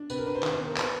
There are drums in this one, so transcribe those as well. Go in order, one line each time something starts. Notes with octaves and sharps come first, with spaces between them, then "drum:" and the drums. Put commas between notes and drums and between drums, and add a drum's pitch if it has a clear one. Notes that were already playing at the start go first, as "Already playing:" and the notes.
Already playing: D4
C3 B4, drum: tambourine
A#4
D4 B4
C5
D#2, drum: clap
C5
B3
A#4
B4, drum: clap